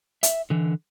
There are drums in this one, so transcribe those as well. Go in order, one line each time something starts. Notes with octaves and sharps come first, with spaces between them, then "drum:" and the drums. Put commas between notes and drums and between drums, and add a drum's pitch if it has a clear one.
E5, drum: hi-hat
D3 E3